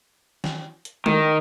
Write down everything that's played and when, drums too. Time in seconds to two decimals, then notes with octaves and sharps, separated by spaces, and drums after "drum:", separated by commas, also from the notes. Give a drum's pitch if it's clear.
0.44 drum: snare
0.85 drum: hi-hat
1.06 D#3, drum: tom